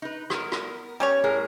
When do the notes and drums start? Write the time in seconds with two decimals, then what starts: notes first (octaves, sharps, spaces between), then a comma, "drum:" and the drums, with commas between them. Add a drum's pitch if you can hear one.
0.02 D#4 B4
0.30 B3 A#4, drum: rim click
0.52 drum: rim click
1.00 G3 C#4 C#5
1.24 A2 G#4 A#4